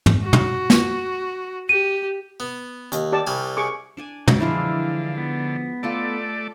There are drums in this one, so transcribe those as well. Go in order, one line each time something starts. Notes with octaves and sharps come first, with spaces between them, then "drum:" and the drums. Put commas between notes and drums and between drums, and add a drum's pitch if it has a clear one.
drum: tom
F#4
drum: tom
drum: snare
G4 D#7
B3
D#2, drum: hi-hat
G4 D5 A5
C2 G3 G#5
G#4 C#6 D6
D4 D5 G#5
D3 G#3 F#4, drum: tom
E3 F3 G#3 D4 E4 F5
B3
A3 F4 A4 D5 D#5 D6
A5